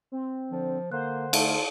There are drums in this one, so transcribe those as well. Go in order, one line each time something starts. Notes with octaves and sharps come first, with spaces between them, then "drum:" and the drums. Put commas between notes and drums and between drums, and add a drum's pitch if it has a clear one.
C4
D3 F3
D3 A#3 C5 F#6
A3 F5 A5, drum: cymbal